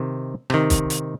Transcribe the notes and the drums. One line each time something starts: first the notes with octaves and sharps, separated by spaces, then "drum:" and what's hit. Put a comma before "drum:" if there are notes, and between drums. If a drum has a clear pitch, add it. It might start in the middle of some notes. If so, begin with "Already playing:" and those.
Already playing: C3 D#3
C3 D#3, drum: rim click
drum: kick, hi-hat
drum: hi-hat